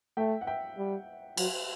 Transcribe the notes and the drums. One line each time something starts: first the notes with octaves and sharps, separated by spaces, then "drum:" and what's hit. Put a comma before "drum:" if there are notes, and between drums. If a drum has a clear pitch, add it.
A3 E5 G5
F#5
E5 G5
G3
F#3, drum: cymbal